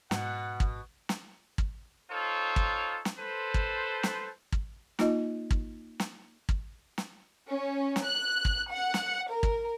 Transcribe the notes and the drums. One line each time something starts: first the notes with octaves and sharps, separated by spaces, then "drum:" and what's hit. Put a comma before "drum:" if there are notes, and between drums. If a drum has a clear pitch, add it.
G#2 B2 F#5, drum: snare
drum: kick
drum: snare
drum: kick
D#4 F4 A4 C5 C#5
drum: kick
drum: snare
A4 B4 C5
drum: kick
drum: snare
drum: kick
A#3 D#4 F4 D#5, drum: snare
drum: kick
drum: snare
drum: kick
drum: snare
C#4
drum: snare
F#6
drum: kick
F#5
drum: snare
A#4
drum: kick